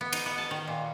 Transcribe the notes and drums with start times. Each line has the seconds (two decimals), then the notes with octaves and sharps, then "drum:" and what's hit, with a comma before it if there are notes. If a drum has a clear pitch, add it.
0.01 B3
0.13 D#4, drum: cymbal
0.26 B3
0.38 A5
0.51 D#3
0.68 A#2